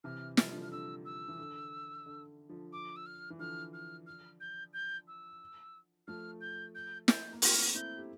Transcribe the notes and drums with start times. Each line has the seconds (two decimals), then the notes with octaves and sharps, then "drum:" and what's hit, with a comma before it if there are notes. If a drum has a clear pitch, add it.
0.04 C3 E3 F6
0.37 F3 F6, drum: snare
0.45 G3
0.52 D3 F3
0.62 F6
0.71 D3 E6
1.05 E6
1.28 E3
1.38 D3
2.06 D3
2.49 D3 F3
2.72 D6
2.96 E6
3.06 F6
3.30 E3
3.39 D3 F3 F6
3.73 F6
4.06 F6
4.40 G6
4.73 G6
5.07 E6
6.07 F3 A3 F6
6.41 G6
6.75 G6
7.08 G6, drum: snare
7.33 A#3
7.42 A3 C4 F6, drum: open hi-hat
7.75 C4 E4 G6
7.97 G4